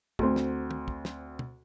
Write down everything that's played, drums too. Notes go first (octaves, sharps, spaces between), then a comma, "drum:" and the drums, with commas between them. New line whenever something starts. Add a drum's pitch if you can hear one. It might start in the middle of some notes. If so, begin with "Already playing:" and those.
D2 C4, drum: kick
drum: snare
drum: tom
drum: kick
drum: snare
drum: tom